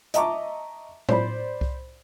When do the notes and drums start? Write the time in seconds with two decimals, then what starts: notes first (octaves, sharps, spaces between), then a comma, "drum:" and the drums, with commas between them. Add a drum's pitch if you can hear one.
0.14 D#5 E5 A5 A#5 C#6 D6, drum: hi-hat
1.09 C5 D5 B5, drum: tom A2
1.61 drum: kick C2